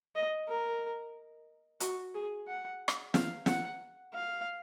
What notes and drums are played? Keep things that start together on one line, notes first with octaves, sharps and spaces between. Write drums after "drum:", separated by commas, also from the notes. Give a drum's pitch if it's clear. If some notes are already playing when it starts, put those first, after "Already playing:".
D#5
A#4
F#4, drum: hi-hat
G#4
F#5
drum: rim click
F5, drum: snare
F#5, drum: snare
F5